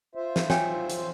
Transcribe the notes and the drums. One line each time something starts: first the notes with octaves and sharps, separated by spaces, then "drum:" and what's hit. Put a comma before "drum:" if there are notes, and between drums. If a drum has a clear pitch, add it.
F4 C5 E5
drum: snare
C#5 G5 G#5, drum: snare
drum: hi-hat